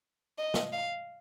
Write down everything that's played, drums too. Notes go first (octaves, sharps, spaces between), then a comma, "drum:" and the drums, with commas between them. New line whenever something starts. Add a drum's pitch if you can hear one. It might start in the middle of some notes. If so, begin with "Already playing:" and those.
D#5
drum: snare
F5